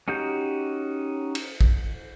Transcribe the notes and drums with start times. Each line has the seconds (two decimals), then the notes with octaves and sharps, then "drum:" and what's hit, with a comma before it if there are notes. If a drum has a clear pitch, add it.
0.08 C#4 D#4 F#4 G4 G6
1.35 drum: cymbal
1.61 drum: kick